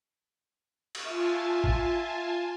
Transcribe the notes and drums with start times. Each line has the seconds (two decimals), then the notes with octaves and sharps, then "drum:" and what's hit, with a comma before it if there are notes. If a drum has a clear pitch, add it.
0.95 drum: cymbal
1.06 F4 E5 G#5 A5
1.64 drum: kick